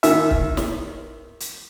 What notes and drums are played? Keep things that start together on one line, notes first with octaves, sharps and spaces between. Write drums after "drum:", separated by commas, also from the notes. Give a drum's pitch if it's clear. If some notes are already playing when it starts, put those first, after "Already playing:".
D#3 E5, drum: hi-hat
drum: kick
drum: snare
drum: hi-hat